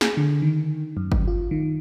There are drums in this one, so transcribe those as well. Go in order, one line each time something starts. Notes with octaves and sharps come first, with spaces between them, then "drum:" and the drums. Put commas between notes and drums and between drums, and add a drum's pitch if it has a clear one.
G#4, drum: snare
D3
D#3
F#2
drum: kick G1
F4
D#3